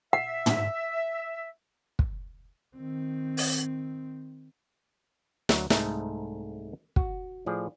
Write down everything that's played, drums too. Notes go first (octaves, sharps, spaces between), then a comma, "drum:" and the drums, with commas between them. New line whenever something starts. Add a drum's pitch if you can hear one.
E5 F#5
drum: tom
drum: kick
D#3 C4
drum: open hi-hat
D2 F#3 A#5, drum: snare
C2 G#2 A3 A4 D#5 A#5, drum: snare
F#4, drum: kick
A2 F3 G#4 D5